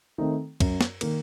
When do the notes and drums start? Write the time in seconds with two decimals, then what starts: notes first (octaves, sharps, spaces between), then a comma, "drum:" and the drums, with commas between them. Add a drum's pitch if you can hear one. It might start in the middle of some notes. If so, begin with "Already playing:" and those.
0.18 D#3 A3 C4 D#4
0.60 F#2, drum: kick, cymbal
0.81 drum: snare
1.01 D#3 A#3, drum: cymbal